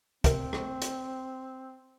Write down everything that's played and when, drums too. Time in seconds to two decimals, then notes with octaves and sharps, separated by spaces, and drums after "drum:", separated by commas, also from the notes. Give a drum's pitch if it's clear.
0.24 C3 C4 A#4, drum: kick, hi-hat
0.53 drum: rim click
0.82 drum: hi-hat